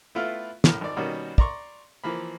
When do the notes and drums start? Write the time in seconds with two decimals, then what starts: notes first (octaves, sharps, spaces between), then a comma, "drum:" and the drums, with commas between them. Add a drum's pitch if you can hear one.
0.15 A3 B3 E4 F4 F5
0.64 A#1 A2 A#4, drum: snare
0.81 G#1 D5
0.97 B2 D#3 G3 A#3 C#4 F#4
1.38 D5 A#5 C6 C#6, drum: kick
2.04 E3 F3 A#3 B5